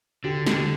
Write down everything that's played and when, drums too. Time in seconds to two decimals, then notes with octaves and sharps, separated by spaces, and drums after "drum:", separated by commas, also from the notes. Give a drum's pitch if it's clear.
0.24 D3 G4
0.47 D3 G4, drum: snare